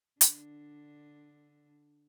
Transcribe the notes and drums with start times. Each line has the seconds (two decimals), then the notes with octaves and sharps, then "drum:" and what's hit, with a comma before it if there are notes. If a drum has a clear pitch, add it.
0.21 D3 D4, drum: hi-hat